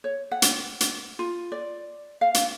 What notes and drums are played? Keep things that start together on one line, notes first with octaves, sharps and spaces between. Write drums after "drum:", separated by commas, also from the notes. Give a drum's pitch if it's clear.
C#5
F#5
drum: hi-hat
drum: hi-hat
F4
D5
F5
drum: hi-hat